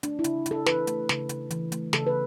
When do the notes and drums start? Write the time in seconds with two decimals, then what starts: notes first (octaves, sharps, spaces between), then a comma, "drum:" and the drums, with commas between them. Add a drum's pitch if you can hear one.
0.03 A3 D4, drum: hi-hat
0.19 E4
0.24 C#3, drum: hi-hat
0.46 C#3, drum: hi-hat
0.51 A4
0.66 E3 B4, drum: snare
0.87 A3, drum: hi-hat
1.09 C#3, drum: snare
1.29 C#3, drum: hi-hat
1.51 E3, drum: hi-hat
1.72 A3, drum: hi-hat
1.93 C#3 A4, drum: snare
2.07 B4